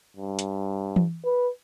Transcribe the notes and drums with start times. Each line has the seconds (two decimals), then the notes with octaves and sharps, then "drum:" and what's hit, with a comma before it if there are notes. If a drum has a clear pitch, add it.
0.17 G2
0.39 drum: hi-hat
0.96 drum: tom E3
1.25 B4